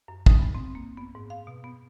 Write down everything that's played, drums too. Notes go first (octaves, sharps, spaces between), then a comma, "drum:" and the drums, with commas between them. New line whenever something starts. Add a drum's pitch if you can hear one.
F#2
D#4, drum: kick
B3
C4
A#3
B3
G#2
F5
B2
B3